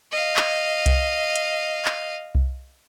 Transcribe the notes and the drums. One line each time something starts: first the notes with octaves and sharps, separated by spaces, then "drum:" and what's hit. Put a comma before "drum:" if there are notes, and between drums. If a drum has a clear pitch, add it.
D#5 F5
drum: clap
drum: kick C2, hi-hat
drum: hi-hat
drum: clap
drum: kick C2